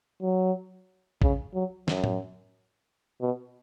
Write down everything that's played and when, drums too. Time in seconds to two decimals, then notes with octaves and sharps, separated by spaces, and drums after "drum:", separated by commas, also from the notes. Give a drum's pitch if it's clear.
0.22 F#3
1.22 C#3, drum: kick
1.54 F#3
1.88 F#2, drum: snare
2.04 drum: tom A2
3.21 B2